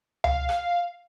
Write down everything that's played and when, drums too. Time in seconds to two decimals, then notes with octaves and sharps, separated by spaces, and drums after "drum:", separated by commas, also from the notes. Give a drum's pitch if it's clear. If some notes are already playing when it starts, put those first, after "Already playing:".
0.24 F5, drum: tom C#2
0.49 drum: rim click